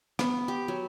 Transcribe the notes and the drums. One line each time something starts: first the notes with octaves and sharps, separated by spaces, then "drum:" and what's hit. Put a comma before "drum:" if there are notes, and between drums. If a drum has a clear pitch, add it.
B3, drum: rim click
G4
F#3